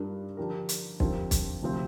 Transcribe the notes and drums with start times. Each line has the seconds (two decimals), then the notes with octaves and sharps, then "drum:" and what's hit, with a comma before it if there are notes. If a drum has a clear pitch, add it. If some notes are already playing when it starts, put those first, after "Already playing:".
Already playing: G2 G3 D4 F4 A#4
0.37 D3 F3 D4 G4 A#4
0.69 drum: hi-hat
1.00 D3 F3 C4 G4 A#4, drum: kick
1.31 drum: kick, hi-hat
1.62 D2 C3 F3 C4